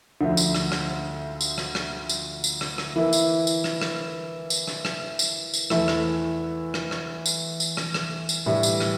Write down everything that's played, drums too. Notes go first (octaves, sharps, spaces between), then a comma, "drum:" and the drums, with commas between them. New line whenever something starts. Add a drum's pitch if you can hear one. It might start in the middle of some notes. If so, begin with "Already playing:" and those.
D2 D3 F3 A3
drum: tambourine
drum: rim click
drum: rim click
drum: tambourine
drum: rim click
drum: rim click
drum: tambourine
drum: tambourine
drum: rim click
drum: rim click
E3 A#3 E4
drum: tambourine
drum: tambourine
drum: rim click
drum: rim click
drum: tambourine
drum: rim click
drum: rim click
drum: tambourine
drum: tambourine
E2 E3 A3 E4 A4, drum: rim click
drum: rim click
drum: rim click
drum: rim click
drum: tambourine
drum: tambourine
drum: rim click
drum: rim click
drum: tambourine
A2 E3 G3 D4
drum: tambourine
drum: rim click